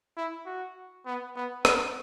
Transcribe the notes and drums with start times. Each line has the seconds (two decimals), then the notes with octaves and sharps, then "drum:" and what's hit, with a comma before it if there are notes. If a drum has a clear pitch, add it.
0.17 E4
0.46 F#4
1.06 B3
1.36 B3
1.65 B3, drum: rim click